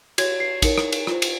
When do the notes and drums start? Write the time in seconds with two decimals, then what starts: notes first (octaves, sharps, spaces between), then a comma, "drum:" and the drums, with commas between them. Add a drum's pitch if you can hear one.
0.18 F#4 C#5 G#6, drum: cymbal
0.40 C7
0.62 D#4 A#4 C#5 C#7, drum: kick A#1, cymbal
0.78 drum: rim click
0.92 drum: cymbal
1.07 F4 C5, drum: rim click
1.22 drum: cymbal